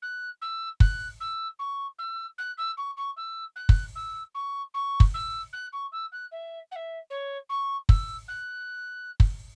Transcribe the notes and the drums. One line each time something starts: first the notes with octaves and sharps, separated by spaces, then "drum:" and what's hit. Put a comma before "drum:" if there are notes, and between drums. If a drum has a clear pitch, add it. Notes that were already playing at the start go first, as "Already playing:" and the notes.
F#6
E6
F#6, drum: kick
E6
C#6
E6
F#6
E6
C#6
C#6
E6
F#6
drum: kick
E6
C#6
C#6
drum: kick
E6
F#6
C#6
E6
F#6
E5
F#5
E5
C#5
C#6
E6, drum: kick
F#6
drum: kick